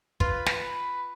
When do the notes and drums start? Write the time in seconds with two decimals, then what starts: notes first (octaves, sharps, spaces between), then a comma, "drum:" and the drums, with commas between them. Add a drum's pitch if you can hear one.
0.20 F4 B4, drum: kick
0.47 drum: snare